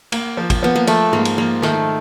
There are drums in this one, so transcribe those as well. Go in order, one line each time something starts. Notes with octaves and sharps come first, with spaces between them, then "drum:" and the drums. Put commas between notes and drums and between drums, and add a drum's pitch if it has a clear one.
A#3, drum: cymbal
F3
drum: kick, cymbal
F3 B3
A#3
F3 A3, drum: cymbal
G#2 A#3
drum: cymbal
F3 A#3
D#3 A3, drum: snare